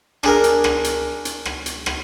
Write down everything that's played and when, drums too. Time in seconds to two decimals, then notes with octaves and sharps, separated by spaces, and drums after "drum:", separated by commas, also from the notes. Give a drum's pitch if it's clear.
0.23 D4 G#4 A#4, drum: rim click
0.44 drum: hi-hat
0.64 drum: rim click
0.84 drum: hi-hat
1.25 drum: hi-hat
1.45 drum: rim click
1.66 drum: hi-hat
1.86 drum: rim click